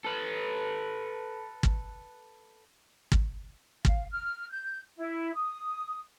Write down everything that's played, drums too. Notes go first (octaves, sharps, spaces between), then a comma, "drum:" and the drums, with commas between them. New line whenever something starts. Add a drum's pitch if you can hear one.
A4 B4
drum: kick
drum: kick
F5, drum: kick
F6
G6
E4
D#6